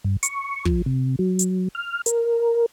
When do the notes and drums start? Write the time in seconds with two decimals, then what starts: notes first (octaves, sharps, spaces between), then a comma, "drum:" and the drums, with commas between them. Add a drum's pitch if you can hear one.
0.04 G2
0.23 C#6, drum: hi-hat
0.65 F3, drum: kick
0.86 C3
1.19 F#3
1.39 drum: hi-hat
1.75 F6
2.06 A#4, drum: hi-hat